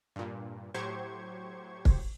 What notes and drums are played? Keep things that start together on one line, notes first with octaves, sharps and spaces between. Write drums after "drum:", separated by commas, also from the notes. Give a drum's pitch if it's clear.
G2 A#2
A2 F#3 G4 C5 C#6 G#6
drum: kick